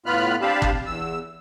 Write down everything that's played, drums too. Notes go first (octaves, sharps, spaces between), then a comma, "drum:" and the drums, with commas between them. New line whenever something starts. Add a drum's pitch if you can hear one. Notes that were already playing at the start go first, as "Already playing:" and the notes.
A2 B3 F4 B5 F6 F#6
C4 D4 G4 F5 A5 B5
drum: kick G1
E2 E6